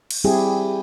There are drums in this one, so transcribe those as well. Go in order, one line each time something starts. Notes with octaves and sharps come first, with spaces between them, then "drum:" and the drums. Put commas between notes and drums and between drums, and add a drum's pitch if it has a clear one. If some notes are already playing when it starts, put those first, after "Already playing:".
drum: cymbal
G3 C4 E4 G4 G#4